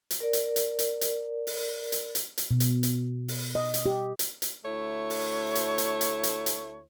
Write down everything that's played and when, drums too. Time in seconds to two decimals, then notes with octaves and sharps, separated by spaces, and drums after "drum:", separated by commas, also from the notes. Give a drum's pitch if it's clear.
0.11 drum: hi-hat
0.20 A#4 D5
0.33 drum: hi-hat
0.56 drum: hi-hat
0.79 drum: hi-hat
1.01 drum: hi-hat
1.47 drum: open hi-hat
1.92 drum: hi-hat
2.15 drum: hi-hat
2.38 drum: hi-hat
2.51 B2
2.60 drum: hi-hat
2.83 drum: hi-hat
3.28 drum: open hi-hat
3.55 D#5
3.74 drum: hi-hat
3.86 G4
4.19 drum: hi-hat
4.42 drum: hi-hat
4.65 D2 A3 E4 C#5
5.10 drum: open hi-hat
5.55 drum: hi-hat
5.78 drum: hi-hat
6.01 drum: hi-hat
6.23 drum: hi-hat
6.46 drum: hi-hat